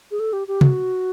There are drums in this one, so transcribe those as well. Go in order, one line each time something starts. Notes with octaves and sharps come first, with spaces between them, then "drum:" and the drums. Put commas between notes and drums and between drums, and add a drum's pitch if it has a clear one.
G#4
A4
G4
G4
F#4, drum: tom